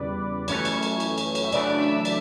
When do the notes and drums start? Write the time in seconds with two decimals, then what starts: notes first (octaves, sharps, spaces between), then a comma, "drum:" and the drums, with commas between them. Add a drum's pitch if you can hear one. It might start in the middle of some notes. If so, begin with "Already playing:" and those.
Already playing: E2 C#3 G3 B4 D5
0.48 F#2 E3 A3 C#4 C#5, drum: cymbal
0.65 drum: cymbal
0.83 drum: cymbal
1.00 drum: cymbal
1.18 drum: cymbal
1.35 drum: cymbal
1.44 E5
1.52 F#2 C#3 E3 A3 D4 D5, drum: cymbal
1.79 E5
2.05 E5, drum: cymbal